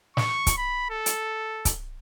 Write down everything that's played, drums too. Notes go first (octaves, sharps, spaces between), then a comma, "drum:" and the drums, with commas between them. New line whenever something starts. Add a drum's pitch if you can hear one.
C#6, drum: snare
drum: kick C#1, hi-hat
B5
A4
drum: hi-hat
drum: kick C#1, hi-hat